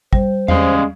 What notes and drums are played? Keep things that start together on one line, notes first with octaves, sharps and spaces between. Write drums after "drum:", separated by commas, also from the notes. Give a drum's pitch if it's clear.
G3 C5, drum: kick
G#3 C#4 D5 F5, drum: tom E2